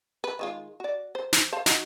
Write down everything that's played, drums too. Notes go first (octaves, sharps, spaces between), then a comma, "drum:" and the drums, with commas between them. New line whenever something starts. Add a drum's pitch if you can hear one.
B4
D#3 G#3 F4
F#4 D5
C5
drum: snare
C5 F5 A5
D#4 F#4, drum: snare